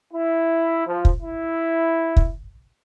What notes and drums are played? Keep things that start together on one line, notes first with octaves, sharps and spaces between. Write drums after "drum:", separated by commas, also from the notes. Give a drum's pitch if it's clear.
E4
F3
drum: kick
E4
drum: kick